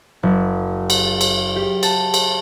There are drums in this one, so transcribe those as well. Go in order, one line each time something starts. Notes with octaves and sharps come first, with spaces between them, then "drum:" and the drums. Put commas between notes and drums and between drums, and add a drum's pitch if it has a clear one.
F#1
drum: cymbal
drum: cymbal
G4
A5, drum: cymbal
drum: cymbal